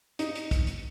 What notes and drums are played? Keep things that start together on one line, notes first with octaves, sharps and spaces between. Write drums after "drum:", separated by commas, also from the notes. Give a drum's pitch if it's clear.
D#4, drum: hi-hat
drum: hi-hat
drum: kick, hi-hat
drum: hi-hat